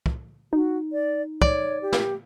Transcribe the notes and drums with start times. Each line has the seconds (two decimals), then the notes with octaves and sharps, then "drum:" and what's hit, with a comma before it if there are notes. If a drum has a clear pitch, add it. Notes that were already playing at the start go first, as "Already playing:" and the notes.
0.06 drum: kick
0.53 D#4 F#4
0.93 D5
1.42 C#5 D5, drum: kick
1.82 G4
1.92 drum: snare